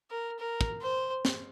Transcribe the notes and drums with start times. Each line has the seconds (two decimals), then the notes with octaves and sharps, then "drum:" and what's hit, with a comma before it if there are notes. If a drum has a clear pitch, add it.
0.11 A#4
0.39 A#4
0.61 drum: kick
0.81 C5
1.25 drum: snare